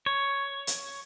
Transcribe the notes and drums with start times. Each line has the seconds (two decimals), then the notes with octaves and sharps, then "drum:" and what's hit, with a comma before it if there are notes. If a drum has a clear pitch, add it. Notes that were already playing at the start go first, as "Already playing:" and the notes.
0.06 C#5
0.67 drum: hi-hat